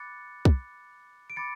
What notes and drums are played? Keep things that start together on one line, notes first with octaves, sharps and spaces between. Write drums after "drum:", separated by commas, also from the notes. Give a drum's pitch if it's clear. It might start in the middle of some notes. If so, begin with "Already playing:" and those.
Already playing: B5 D6 F#6 A6 C#7
drum: kick
D7
B5 D6 A6 C#7